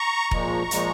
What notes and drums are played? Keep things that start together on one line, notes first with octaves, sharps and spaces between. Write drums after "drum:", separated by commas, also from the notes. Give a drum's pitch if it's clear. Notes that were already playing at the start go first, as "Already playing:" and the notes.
Already playing: A#5 C#6
A#2 F3 G#3, drum: kick E1
A#2 F3 G#3, drum: hi-hat